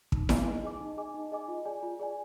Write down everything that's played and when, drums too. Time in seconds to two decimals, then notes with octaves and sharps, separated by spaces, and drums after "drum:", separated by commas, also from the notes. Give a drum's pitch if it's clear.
0.12 D#4, drum: kick
0.29 G#4 D#5 G#5 D6, drum: snare E4
0.46 D#4
0.63 G#4 D#5 G#5 D6
0.80 D#4
0.97 G#4 D#5 G#5 D6
1.14 D#4
1.32 G#4 D#5 G#5 D6
1.48 F4
1.65 G#4 D5 G#5
1.82 F4
1.99 G#4 D5 G#5